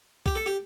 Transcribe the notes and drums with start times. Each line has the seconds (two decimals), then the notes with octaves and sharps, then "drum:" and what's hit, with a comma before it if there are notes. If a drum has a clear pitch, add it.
0.26 G4, drum: kick B1
0.35 A4
0.46 G4